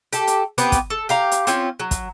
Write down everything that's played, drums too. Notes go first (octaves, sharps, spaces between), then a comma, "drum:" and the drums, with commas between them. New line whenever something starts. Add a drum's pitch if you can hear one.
G4 A4, drum: hi-hat
drum: hi-hat
B3 C4 G4 B4, drum: hi-hat
drum: kick, hi-hat
A4
G4 F5 A#5
drum: hi-hat
C4 C#4 F4, drum: hi-hat
F#3
drum: kick, hi-hat